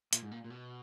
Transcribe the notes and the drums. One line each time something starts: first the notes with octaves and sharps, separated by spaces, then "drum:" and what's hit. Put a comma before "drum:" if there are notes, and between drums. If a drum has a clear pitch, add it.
A#2, drum: hi-hat
G#2
A#2
A#2
B2